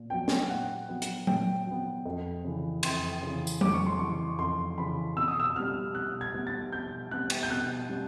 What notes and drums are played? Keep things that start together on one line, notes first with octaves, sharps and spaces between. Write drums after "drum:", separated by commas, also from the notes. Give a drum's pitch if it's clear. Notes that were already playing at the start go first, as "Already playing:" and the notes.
Already playing: A#2
F#3 B3 G5
drum: snare C#4
A#2 F#5
F#3 B3
drum: hi-hat
A#2 G5, drum: tom F#3
F#3 B3
F2
C#3 E3
F2 C6, drum: cymbal
C#3 E3
drum: tambourine
F2 D6, drum: tom F#3
C#6
C6
C#3 E3 C#6
F2 C6
C#3 E3 B5
B2 E6
D#6
E6
G3 B3 F6
B2 F#6
G#6
G3 B3
A6
B2 G6
G3 B3 F#6
drum: cymbal
G6
B2 F#6
G3